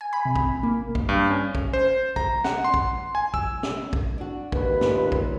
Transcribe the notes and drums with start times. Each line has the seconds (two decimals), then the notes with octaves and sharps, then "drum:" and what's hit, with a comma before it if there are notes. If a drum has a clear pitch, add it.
0.01 G#5
0.13 B5
0.25 C3
0.36 drum: kick
0.45 A1
0.63 A#3
0.95 drum: kick
1.09 G2
1.30 C#4
1.55 drum: kick
1.73 C5
2.16 A#5, drum: kick
2.44 F#5, drum: snare
2.64 C6
2.74 drum: kick
3.15 G#5
3.34 E6, drum: kick
3.63 drum: snare
3.93 drum: kick
4.18 D4 F#4
4.52 D#2 B4, drum: kick
4.81 A#2, drum: snare
5.12 drum: kick